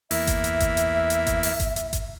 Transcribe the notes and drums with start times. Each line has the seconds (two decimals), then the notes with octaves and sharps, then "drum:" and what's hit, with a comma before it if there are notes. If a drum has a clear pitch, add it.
0.11 E2 A#3 E4 E5, drum: open hi-hat
0.27 drum: kick G1, hi-hat
0.44 drum: hi-hat
0.60 drum: kick G1, hi-hat
0.77 drum: hi-hat
1.10 drum: hi-hat
1.27 drum: kick G1, hi-hat
1.43 drum: open hi-hat
1.60 drum: kick G1, hi-hat
1.76 drum: hi-hat
1.93 drum: kick G1, hi-hat